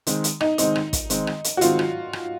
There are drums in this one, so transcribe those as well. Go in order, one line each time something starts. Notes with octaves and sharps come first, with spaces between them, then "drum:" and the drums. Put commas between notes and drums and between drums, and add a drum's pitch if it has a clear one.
D#3 G#3 C4, drum: hi-hat
drum: hi-hat
D#4, drum: rim click
D#3 G#3 C4 D#4, drum: hi-hat
drum: rim click
drum: kick, hi-hat
D#3 G#3 C4, drum: hi-hat
drum: rim click
drum: hi-hat
F#4
D#3 G#3 C4 F4, drum: hi-hat
drum: rim click
drum: rim click